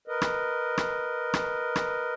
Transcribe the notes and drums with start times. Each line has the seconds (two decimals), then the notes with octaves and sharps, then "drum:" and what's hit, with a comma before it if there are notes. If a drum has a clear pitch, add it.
0.08 A#4 B4 D#5
0.22 drum: rim click
0.78 drum: rim click
1.34 drum: rim click
1.76 drum: rim click